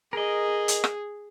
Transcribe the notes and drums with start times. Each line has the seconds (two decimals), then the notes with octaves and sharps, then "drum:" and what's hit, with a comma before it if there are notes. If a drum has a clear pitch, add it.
0.13 G#4 A#4 D#5
0.68 drum: hi-hat
0.84 drum: rim click